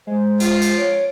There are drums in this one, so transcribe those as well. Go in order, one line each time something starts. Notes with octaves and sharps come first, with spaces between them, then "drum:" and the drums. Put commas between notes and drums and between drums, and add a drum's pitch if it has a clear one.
G#3 C5
F3 F4, drum: hi-hat
drum: hi-hat
C#5 D7